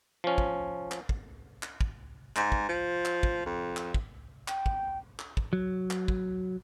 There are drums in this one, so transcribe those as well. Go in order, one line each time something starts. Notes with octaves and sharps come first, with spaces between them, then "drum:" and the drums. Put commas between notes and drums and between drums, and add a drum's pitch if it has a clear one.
F3 C#4
drum: kick
drum: clap
drum: kick
drum: clap
drum: kick
G#2, drum: clap
drum: kick
F3
drum: clap
drum: kick
F2
drum: clap
drum: kick
G5, drum: clap
drum: kick
drum: clap
drum: kick
F#3
drum: clap
drum: kick